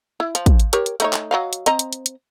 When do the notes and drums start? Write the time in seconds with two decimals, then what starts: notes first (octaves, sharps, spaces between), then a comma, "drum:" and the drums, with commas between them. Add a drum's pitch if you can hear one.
0.20 E4
0.35 F3, drum: hi-hat
0.46 drum: kick, hi-hat
0.60 drum: hi-hat
0.73 G4 A#4 C#5, drum: hi-hat
0.86 drum: hi-hat
1.00 A3 D#4 C#5, drum: hi-hat
1.13 drum: clap
1.31 F#3 D#5 F5
1.53 drum: hi-hat
1.66 C4 D#5 A#5, drum: hi-hat
1.79 drum: hi-hat
1.93 drum: hi-hat
2.06 drum: hi-hat